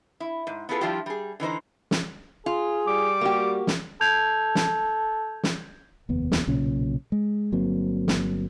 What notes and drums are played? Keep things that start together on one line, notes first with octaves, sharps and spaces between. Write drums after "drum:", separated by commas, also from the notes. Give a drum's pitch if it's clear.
E4
G#2
B3 E4 F4 G#4 A4 B4
F3 G3 D4 E4 F4 G4
G3 G#4
D3 E3 D#4 C5
drum: snare
F4 G#4
G3 D6
A#3 F#4 G4
drum: snare
A4 G6 G#6 F7
drum: snare
drum: snare
F1 D#2 B3
drum: snare
B1 A#2 C#3 C#4
G#3
G1 F#3 A#3 C4
drum: snare